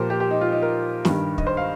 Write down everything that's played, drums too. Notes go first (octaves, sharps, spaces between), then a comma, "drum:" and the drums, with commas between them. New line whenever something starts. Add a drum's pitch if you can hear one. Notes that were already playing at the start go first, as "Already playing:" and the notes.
Already playing: A#2 F3 G4 A#4 C5
G4
G4
D#4
F4
D#4
A#4
G2 D#3 G3, drum: snare
D#5, drum: kick
C5
F5